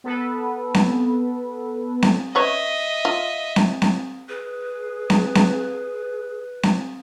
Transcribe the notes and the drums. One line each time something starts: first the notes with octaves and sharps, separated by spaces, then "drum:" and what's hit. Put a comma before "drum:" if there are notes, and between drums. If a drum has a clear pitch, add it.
B3 A4 B4
drum: snare C4
drum: snare C4
C#4 B4 C#5 D#5 E5
F4
drum: snare C4
drum: snare C4
G#4 B4
drum: snare C4
drum: snare C4
drum: snare C4